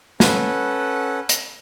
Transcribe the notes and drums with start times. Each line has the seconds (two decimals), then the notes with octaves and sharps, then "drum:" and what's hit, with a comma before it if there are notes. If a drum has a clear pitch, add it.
0.20 C#4 A4 B4 F#5, drum: snare
1.29 drum: hi-hat